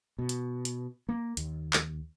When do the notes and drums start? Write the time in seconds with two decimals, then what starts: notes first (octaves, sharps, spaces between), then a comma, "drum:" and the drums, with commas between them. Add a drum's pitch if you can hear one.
0.19 B2
0.29 drum: hi-hat
0.65 drum: hi-hat
1.09 A#3
1.37 D#2, drum: hi-hat
1.73 drum: clap